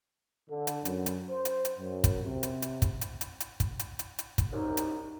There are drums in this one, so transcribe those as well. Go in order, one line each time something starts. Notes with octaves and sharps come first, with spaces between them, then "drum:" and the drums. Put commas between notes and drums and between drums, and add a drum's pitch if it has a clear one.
D3
drum: hi-hat
F#2, drum: hi-hat
drum: hi-hat
C5
drum: hi-hat
drum: hi-hat
F#2
drum: kick, hi-hat
C3
drum: hi-hat
drum: hi-hat
drum: kick, hi-hat
drum: hi-hat
drum: hi-hat
drum: hi-hat
drum: kick, hi-hat
drum: hi-hat
drum: hi-hat
drum: hi-hat
drum: kick, hi-hat
C2 F#2 D#4
drum: hi-hat